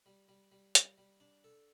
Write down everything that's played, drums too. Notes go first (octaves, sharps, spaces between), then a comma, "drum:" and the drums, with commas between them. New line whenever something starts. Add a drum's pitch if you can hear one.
G3
G3
G3
G3, drum: hi-hat
G3
D4
A4